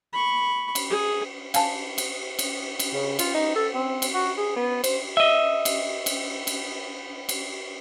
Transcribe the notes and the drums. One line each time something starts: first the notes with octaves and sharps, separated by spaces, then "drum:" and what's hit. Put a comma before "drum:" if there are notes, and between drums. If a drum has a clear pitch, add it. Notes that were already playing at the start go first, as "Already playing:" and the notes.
B5 C#6
drum: cymbal
G#4
F5 G#5 A5, drum: cymbal
drum: cymbal
drum: cymbal
drum: cymbal
C#3
F4, drum: cymbal
D#4
A4
C4
drum: cymbal
F#4
G#4
B3
C5, drum: cymbal
D#5 E5
drum: cymbal
drum: cymbal
drum: cymbal
drum: cymbal